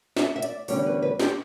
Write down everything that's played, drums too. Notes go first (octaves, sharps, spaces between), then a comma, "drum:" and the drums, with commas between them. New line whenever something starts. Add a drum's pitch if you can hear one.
E5, drum: snare
E5
D5, drum: hi-hat
E2 D3 G3 C#4 C#5, drum: open hi-hat
B4
B4
G4, drum: snare